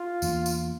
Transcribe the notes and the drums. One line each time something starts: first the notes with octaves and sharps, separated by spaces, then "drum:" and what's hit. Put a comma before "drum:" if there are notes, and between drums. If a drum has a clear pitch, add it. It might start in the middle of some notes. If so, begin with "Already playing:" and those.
Already playing: F4
E2 E3 A#3 D4, drum: tambourine
drum: tambourine